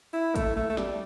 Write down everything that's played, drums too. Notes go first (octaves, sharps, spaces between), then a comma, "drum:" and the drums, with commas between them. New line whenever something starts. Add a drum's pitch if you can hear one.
E4
A3, drum: kick, hi-hat
A3
A3
G3, drum: snare